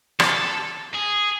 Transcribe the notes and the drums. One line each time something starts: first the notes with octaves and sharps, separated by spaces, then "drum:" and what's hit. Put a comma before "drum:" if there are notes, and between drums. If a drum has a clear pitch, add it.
A4, drum: rim click
G#4